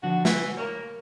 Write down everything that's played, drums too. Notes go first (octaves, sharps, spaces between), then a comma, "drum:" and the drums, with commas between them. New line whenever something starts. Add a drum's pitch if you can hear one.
D3 F3 F#4
E3, drum: snare
F#4
A#3 A#4 C#5